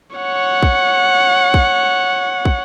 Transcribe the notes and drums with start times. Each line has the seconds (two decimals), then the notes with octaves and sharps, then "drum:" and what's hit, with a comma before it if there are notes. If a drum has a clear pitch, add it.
0.17 C#5 F#5
0.63 drum: kick
1.54 drum: kick
2.45 drum: kick